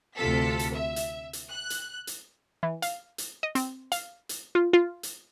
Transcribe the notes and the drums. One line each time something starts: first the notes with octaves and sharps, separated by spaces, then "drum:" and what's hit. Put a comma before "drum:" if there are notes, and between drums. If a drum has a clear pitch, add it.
D2 C3 F4 A4 B6
drum: hi-hat
E5
drum: hi-hat
drum: hi-hat
F#6
drum: hi-hat
drum: hi-hat
E3
F5, drum: hi-hat
drum: hi-hat
D#5
C4, drum: hi-hat
F5, drum: hi-hat
drum: hi-hat
F4
F4
drum: hi-hat